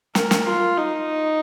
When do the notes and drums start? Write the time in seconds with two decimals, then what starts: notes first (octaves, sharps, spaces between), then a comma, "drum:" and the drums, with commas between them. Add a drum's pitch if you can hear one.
0.15 A#4, drum: snare
0.31 drum: snare
0.46 F4
0.77 D#4